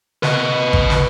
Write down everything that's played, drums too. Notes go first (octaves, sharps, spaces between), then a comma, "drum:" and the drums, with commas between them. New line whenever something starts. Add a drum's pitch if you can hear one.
B4 D#5, drum: snare
drum: kick G#1
drum: snare